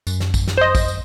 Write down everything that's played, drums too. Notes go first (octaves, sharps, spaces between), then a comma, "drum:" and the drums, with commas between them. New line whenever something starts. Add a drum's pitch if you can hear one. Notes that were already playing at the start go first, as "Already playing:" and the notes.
F#2, drum: tambourine
drum: snare
drum: kick, tambourine
drum: snare
C5 D#5
drum: kick, tambourine
drum: tambourine